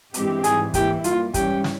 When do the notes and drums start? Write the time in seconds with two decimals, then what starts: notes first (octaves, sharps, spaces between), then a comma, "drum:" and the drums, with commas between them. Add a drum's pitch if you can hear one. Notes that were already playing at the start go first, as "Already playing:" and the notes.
0.14 G2 E3 G#3 C4 G4, drum: hi-hat
0.44 G#2 E3 G3 G#4, drum: hi-hat
0.74 G#2 E3 A#3 E4 G4, drum: kick, hi-hat
1.04 G2 G3 A#3 F4, drum: hi-hat
1.34 G#2 E3 G3 C#4 G4, drum: kick, hi-hat
1.64 drum: snare